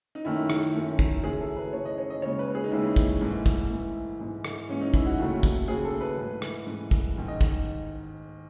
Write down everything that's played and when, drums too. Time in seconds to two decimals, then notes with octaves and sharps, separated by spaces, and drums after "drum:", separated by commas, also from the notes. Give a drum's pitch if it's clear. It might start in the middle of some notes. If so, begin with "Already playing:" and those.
0.15 D#4
0.25 F#2 D#3 A3 E4
0.50 drum: rim click
0.74 F#2 D#3 A3
0.99 drum: kick
1.24 F#2 C#3 E3 A3 G#4
1.40 A4
1.56 B4
1.73 F#2 C#3 E3 A3 C#5
1.85 D#5
1.98 C#5
2.10 D#5
2.22 D#2 C#3 G#3 C#5
2.39 B4
2.55 G#4
2.64 D#4
2.71 D#2 C#3 G#3 E4
2.96 drum: kick
3.21 G#2 E3 A3
3.46 drum: kick
3.70 G#2 E3 A3
4.20 G#2 E3 G#3
4.45 drum: rim click
4.69 G#2 E3 G#3 C#4
4.81 D#4
4.94 E4, drum: kick
5.06 F#4
5.19 D#2 C#3 F#3 A3
5.43 drum: kick
5.68 D#2 C#3 F#3 A3 G#4
5.84 A4
6.01 B4
6.17 G#2 E3 A3
6.42 drum: rim click
6.66 G#2 E3 A3
6.91 drum: kick
7.16 G#2 D#3 G#3
7.28 D#5
7.41 drum: kick